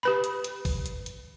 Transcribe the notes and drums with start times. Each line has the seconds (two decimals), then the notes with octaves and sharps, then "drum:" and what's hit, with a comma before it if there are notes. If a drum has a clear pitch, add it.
0.03 G4 B4 B5
0.24 drum: hi-hat
0.44 drum: hi-hat
0.65 drum: kick, open hi-hat
0.86 drum: hi-hat
1.06 drum: hi-hat